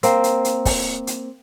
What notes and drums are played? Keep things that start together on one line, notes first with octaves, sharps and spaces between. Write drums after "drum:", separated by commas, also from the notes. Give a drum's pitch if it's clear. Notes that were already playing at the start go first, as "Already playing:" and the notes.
A#3 C4, drum: hi-hat
drum: hi-hat
drum: hi-hat
drum: kick, open hi-hat
drum: hi-hat